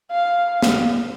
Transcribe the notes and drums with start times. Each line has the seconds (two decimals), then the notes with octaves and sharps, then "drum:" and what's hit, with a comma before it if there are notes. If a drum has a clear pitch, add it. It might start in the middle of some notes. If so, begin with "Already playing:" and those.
0.11 F5
0.62 drum: snare